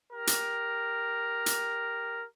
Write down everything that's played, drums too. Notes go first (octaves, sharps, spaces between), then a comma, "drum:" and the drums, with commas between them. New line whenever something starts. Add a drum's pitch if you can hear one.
G4 A#4
drum: hi-hat
drum: hi-hat